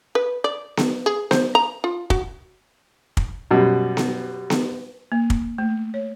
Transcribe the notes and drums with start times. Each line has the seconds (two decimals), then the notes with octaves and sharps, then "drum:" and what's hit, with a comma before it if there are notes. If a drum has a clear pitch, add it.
0.15 B4
0.44 D5
0.77 drum: snare B3
1.06 G#4
1.31 C5, drum: snare B3
1.55 A#5
1.84 F4
2.10 F#4, drum: kick
3.17 drum: kick
3.51 F#2 B2 G3
3.97 drum: snare B3
4.50 drum: snare B3
5.12 A#3
5.30 drum: kick
5.58 A3
5.94 C#5